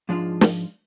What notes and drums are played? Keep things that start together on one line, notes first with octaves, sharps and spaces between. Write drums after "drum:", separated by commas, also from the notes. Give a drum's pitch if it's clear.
G#2 F3 G#3 D4 F4
drum: snare